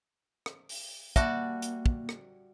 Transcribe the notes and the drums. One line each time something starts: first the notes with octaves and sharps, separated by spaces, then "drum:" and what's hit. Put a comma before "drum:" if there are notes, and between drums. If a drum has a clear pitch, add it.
drum: rim click
drum: open hi-hat
G3 A#3 F#4 E5 A5, drum: kick, hi-hat
drum: hi-hat
drum: kick
drum: rim click